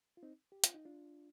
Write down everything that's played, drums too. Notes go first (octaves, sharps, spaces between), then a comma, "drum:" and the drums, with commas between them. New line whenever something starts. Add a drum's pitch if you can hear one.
F4
C4 D#4
G4
F4, drum: hi-hat
D#4
D4 F4